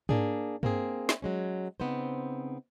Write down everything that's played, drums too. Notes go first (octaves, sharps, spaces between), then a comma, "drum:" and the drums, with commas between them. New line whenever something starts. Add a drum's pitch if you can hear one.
A#3 D4 G#4, drum: tom G#2
A#3 C4 G#4, drum: tom G2
drum: snare
F#3 G#3 C#4
C#3 B3 C4 D#4 C5